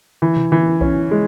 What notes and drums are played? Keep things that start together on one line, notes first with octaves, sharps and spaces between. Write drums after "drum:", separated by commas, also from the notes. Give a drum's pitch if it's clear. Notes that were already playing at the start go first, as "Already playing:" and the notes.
E3
drum: tom B2
E3
C#4, drum: kick B1
G#3